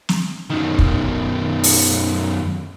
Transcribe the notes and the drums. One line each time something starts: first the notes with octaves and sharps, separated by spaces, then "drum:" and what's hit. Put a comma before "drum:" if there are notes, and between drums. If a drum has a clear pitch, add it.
drum: snare
F#2 D#3
drum: kick
drum: open hi-hat